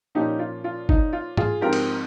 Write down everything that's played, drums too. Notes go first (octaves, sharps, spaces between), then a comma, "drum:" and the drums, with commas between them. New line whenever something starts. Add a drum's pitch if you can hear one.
A#2 F3 A#3 C#4 D#4 G4
F4
F4
D#4, drum: kick
F4
F4 G#4, drum: tom G#2
G#2 F3 C4 G4 A#4
drum: cymbal